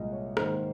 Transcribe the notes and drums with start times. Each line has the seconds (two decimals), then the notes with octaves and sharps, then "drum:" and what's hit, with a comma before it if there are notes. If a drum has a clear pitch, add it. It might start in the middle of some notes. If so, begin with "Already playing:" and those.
Already playing: C2 A#2 G#3 D#5
0.12 C#5
0.37 G#2 D#3 A#3 C5, drum: rim click